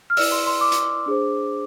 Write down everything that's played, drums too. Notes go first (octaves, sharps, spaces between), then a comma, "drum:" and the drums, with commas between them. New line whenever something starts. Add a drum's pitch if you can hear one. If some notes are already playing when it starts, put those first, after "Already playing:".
F6
E4 B4 D5 E6, drum: open hi-hat
C6
C6
D6
drum: hi-hat
D4 G#4 C5